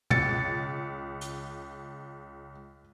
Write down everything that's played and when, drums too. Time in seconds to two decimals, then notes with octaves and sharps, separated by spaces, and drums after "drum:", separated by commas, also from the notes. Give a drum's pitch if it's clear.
0.10 C#2 A6 C#7, drum: tom
1.21 drum: hi-hat